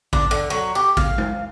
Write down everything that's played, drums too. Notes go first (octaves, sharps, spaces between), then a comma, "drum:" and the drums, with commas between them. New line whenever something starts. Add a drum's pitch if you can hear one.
D4, drum: kick A1
D3
F#3
G4
F5, drum: kick A1
drum: tom G#3